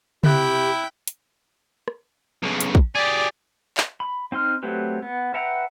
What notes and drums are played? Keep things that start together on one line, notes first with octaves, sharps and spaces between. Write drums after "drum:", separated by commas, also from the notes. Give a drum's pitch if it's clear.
C3 E4 G4 G5 B5 F#6, drum: tom C#3
drum: hi-hat
drum: rim click
B1 C#3
drum: hi-hat
drum: kick
G4 G#4 D5
drum: clap
B5
C4 D#4 C6 F6
F#3 A3 C4 G4 B4
B3
B4 E5 F#5 G5 A#5